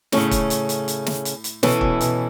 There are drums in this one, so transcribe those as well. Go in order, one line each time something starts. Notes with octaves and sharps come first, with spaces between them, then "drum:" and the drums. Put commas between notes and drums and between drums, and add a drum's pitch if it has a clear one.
A2 C#3 A3 C#4, drum: snare
drum: kick, hi-hat
drum: hi-hat
drum: hi-hat
drum: hi-hat
drum: snare
drum: hi-hat
drum: hi-hat
B2 E3 C#4 E4 A4, drum: snare
B2, drum: kick
B2, drum: hi-hat